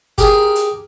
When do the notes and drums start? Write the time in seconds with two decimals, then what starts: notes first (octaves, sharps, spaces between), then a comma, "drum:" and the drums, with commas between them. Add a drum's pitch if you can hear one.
0.18 G4 G#4 A#4, drum: kick G1, hi-hat
0.55 drum: hi-hat